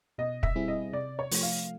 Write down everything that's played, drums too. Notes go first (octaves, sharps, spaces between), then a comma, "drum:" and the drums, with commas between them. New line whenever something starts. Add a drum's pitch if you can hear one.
B2 D#5
E5, drum: kick
G3 C4 E4 G#4
D#5
C3 D5
C#5
F3 A3, drum: open hi-hat
F5